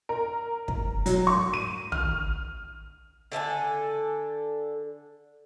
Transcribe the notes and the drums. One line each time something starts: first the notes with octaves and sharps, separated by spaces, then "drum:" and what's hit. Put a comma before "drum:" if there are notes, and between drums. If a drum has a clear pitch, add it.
A#4
drum: kick
F#3, drum: hi-hat
C#6
D#7
F6, drum: tom
D3 A4 E5 G#5